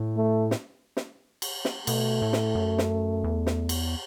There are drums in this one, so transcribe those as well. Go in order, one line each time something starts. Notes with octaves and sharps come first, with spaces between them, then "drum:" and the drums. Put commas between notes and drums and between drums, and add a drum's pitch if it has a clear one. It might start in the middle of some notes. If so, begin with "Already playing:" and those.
Already playing: A2
A3
drum: snare
drum: snare
drum: cymbal
drum: snare
B2 A3, drum: cymbal
A2
drum: snare
F#2
drum: snare
E2
drum: snare
drum: cymbal